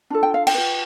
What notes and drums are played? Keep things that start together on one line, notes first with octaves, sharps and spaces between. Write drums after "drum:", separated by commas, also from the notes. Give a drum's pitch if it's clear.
D4 F4 A4
G5
F5
G5, drum: cymbal
F4 B4